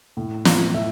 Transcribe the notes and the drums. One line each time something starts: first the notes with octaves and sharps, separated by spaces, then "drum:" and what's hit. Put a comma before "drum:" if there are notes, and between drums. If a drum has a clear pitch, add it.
A2
A3, drum: snare
A2 E5